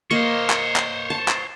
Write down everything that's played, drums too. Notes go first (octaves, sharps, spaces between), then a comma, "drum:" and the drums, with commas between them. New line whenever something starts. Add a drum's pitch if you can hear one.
A#3 C5 C#5 D#5
drum: clap
drum: clap
A5
drum: clap